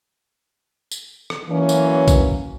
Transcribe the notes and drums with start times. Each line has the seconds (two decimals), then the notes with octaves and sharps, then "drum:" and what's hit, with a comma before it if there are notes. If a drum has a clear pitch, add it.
0.91 drum: tambourine
1.30 drum: rim click
1.50 E3 F#3 A#3 C#4
1.69 drum: tambourine
2.08 drum: kick B1, tambourine